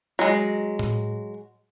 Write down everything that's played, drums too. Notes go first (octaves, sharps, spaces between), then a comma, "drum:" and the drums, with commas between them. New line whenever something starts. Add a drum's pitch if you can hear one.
F#3 G#3
drum: tom A2